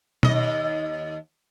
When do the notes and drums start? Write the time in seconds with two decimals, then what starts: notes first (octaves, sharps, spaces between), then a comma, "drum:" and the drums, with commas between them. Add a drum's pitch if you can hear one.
0.23 D#2 D#5, drum: tom B2